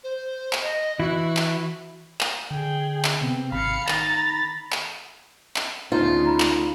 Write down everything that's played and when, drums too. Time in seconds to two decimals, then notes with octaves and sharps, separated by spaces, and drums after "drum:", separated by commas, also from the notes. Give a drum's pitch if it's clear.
0.04 C5
0.53 drum: clap
0.62 D#5
0.99 E3 E4 F#4
1.37 drum: clap
2.21 drum: clap
2.51 D3 G#4 G5
3.05 drum: clap
3.21 C3 B3 C4
3.52 G#1 F5 B5 C#7
3.88 D#3 A#5 A6, drum: clap
4.72 drum: clap
5.56 drum: clap
5.92 D2 C#3 A3 D#4 F4 C5
6.26 A#5 B5
6.40 drum: clap